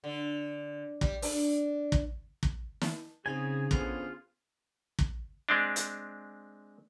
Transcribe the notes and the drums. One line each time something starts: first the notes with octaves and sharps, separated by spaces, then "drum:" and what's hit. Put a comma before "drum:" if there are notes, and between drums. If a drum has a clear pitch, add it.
D3
G3, drum: kick
D4, drum: open hi-hat
drum: kick
drum: kick
drum: snare
C#3 C4 D#4 G#4 F5 G#5 D#6
D3 B3 C#4 F4 C5 F5, drum: kick
drum: kick
G#3 C4 D4
drum: hi-hat